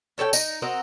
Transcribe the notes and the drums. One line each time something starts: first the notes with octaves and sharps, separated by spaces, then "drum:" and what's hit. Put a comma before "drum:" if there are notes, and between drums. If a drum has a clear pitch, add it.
C#4 A4 C#5 G5
D#4, drum: tambourine
C4 F#4 A#4 D#5